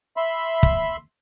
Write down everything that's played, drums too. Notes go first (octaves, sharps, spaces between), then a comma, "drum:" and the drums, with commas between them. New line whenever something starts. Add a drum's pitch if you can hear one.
E5 B5 C6
drum: kick